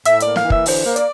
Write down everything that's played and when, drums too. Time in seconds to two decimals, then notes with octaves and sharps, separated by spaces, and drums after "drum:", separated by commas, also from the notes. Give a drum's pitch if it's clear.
0.05 A2 E5, drum: hi-hat
0.20 D5, drum: hi-hat
0.26 A#3
0.36 F5, drum: snare
0.45 E3
0.50 E5, drum: kick
0.66 D3 C5, drum: open hi-hat
0.86 A#3
0.96 D5, drum: hi-hat